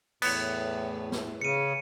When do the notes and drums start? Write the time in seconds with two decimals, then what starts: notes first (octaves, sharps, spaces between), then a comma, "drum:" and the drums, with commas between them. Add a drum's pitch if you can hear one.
0.22 E2 A2 B3 C#5, drum: cymbal
1.12 drum: snare
1.41 C#3 C#7 D#7